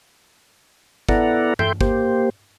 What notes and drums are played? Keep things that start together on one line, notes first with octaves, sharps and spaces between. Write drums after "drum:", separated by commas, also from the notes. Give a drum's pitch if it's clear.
B3 E4 A4 D5 F#5 A#5, drum: kick
A4 E5 G5 C6 G6, drum: tom G2
A#3 G4 C5, drum: kick